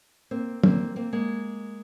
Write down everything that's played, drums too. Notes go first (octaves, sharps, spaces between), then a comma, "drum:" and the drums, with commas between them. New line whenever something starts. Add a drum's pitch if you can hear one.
A#3 C4
A#3 C4, drum: tom
A#3 C4
G#3 A#3